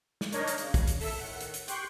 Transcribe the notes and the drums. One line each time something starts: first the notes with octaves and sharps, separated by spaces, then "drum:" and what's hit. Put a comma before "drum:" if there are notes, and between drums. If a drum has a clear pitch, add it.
drum: snare
D4 D#4 A#4 C#5 D#5, drum: hi-hat
drum: hi-hat
C#3, drum: hi-hat
drum: kick, hi-hat
drum: hi-hat
A4 E5 E6, drum: open hi-hat
A2 D#3 F#5
drum: hi-hat
drum: hi-hat
G4 G5 C6 C#6 F#6 G6, drum: hi-hat